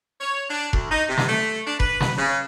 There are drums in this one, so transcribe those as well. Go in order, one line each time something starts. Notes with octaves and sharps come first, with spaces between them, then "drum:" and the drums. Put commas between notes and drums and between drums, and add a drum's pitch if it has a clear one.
C#5
D4
D2, drum: kick F1
D#4
C3
drum: snare
A3
D4
B4, drum: kick F1
drum: snare
C#3